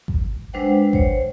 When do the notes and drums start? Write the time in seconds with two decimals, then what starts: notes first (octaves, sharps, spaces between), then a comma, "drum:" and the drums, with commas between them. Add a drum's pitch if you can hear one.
0.08 drum: kick G#1
0.53 G#3 D4 B4 C5 F#5 G5
0.93 C5 C#5, drum: kick G#1